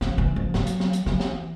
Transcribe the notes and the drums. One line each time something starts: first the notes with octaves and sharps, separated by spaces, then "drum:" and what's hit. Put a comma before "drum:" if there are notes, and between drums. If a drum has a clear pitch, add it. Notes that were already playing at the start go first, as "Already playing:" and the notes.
F3, drum: snare
E3
F3
F#3, drum: snare
drum: hi-hat
drum: snare
drum: hi-hat
E3, drum: snare
drum: snare